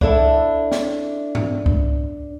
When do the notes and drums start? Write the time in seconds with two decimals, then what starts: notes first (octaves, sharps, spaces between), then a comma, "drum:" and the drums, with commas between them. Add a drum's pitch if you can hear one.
0.01 D4 E4 A4 E5, drum: kick C2
0.72 drum: snare
1.35 drum: tom G#2
1.66 drum: kick C2